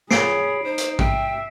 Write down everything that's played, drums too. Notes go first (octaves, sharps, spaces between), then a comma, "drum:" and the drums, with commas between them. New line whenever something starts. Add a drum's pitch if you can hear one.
G#4 C#5 B5 C7 D7, drum: snare
D#4 C5
drum: hi-hat
E5 G5, drum: kick A1